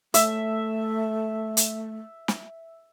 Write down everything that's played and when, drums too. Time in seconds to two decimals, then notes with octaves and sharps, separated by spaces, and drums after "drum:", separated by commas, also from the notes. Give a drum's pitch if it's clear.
0.14 A3 E5, drum: hi-hat
1.57 drum: hi-hat
2.28 drum: snare